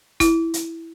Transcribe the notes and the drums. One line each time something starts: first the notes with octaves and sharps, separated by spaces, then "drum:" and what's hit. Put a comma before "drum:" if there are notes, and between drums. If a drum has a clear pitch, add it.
E4, drum: kick, hi-hat
drum: hi-hat